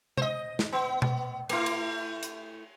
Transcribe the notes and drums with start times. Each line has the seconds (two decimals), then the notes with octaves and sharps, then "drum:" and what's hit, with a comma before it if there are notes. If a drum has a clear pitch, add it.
0.17 C5 D#5, drum: tom C3
0.59 drum: snare
0.73 B3
1.02 drum: tom B2
1.49 A3 E4, drum: cymbal
1.66 drum: cymbal
2.23 drum: hi-hat